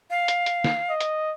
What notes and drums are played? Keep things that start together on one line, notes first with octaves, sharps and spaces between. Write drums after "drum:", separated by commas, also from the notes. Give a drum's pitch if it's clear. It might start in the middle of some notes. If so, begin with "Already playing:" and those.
F5
drum: hi-hat
drum: hi-hat
drum: snare
D#5
drum: hi-hat